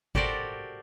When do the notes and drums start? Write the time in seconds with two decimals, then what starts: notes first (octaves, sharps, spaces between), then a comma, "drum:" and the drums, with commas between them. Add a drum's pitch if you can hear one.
0.15 F#4 G4 A4 A#4 C5 D5, drum: kick G1